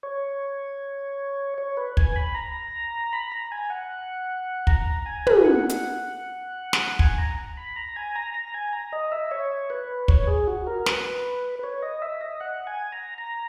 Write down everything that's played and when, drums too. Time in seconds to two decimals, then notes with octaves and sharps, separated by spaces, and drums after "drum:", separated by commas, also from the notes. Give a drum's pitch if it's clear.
0.03 C#5
1.58 C#5
1.77 B4
1.97 G#5, drum: kick
2.16 B5
2.34 A#5
3.13 B5
3.32 A#5
3.52 G#5
3.70 F#5
4.67 A#5, drum: kick
5.06 G#5
5.27 drum: tom
5.45 F#5
5.69 drum: hi-hat
6.73 drum: snare
6.99 G#5, drum: kick
7.18 A#5
7.57 B5
7.76 A#5
7.96 G#5
8.15 A#5
8.34 A#5
8.54 G#5
8.73 A#5
8.93 D#5
9.12 E5
9.31 C#5
9.70 B4
10.08 C#5, drum: kick
10.27 G#4
10.47 F#4
10.67 A#4
10.86 B4, drum: snare
11.59 B4
11.63 C#5
11.82 D#5
12.02 E5
12.21 D#5
12.40 F#5
12.67 G#5
12.92 A#5
13.18 A#5